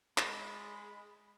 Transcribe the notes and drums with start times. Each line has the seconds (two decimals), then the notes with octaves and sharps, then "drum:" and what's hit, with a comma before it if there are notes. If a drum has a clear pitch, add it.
0.18 G#3 B5, drum: clap